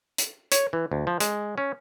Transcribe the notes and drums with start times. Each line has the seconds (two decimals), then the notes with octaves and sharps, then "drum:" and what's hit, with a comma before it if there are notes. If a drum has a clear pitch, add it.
0.18 drum: hi-hat
0.52 C#5, drum: hi-hat
0.73 E3
0.92 D2
1.07 F3
1.20 G#3, drum: hi-hat
1.58 C#4